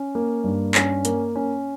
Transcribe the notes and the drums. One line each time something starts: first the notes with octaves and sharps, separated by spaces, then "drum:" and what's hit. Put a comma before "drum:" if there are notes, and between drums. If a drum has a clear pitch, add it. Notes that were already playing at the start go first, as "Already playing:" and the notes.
Already playing: C#4
A#3
G2
C#4, drum: clap
A#3, drum: hi-hat
C#4